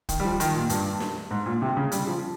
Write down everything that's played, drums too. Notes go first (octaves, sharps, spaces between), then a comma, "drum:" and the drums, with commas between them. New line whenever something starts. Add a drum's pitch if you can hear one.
D#3, drum: kick, hi-hat
G3
F3
D#3, drum: hi-hat
A#2
G2, drum: hi-hat
drum: snare
G#2
A#2
C3
C#3
G3, drum: hi-hat
F3